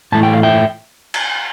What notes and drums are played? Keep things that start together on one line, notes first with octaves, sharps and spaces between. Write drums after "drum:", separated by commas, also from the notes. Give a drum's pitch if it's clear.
A2 E3 A3 A5
G5
F5
E5 G5
drum: cymbal